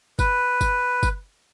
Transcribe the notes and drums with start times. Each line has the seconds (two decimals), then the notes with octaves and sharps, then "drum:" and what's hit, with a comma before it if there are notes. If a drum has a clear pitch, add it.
0.19 B4, drum: kick G1, tambourine
0.61 drum: kick G1, tambourine
1.03 drum: kick G1, tambourine